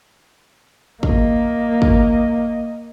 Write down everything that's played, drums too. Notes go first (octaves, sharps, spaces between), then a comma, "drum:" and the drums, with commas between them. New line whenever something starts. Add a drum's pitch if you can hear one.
A#3 D#5, drum: kick
drum: kick